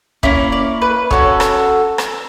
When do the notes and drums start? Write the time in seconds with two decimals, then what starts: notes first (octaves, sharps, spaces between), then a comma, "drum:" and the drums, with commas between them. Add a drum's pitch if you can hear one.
0.23 A#3 C#4 E4 C#5, drum: kick
0.52 D5
0.82 B4
1.11 C#4 F#4 A4 C#5, drum: kick
1.40 drum: rim click
1.98 drum: rim click